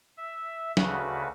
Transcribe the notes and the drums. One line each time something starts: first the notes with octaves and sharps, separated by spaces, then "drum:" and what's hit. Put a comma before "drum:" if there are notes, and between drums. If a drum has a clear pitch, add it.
E5
D2 C#3 F#4 B4, drum: snare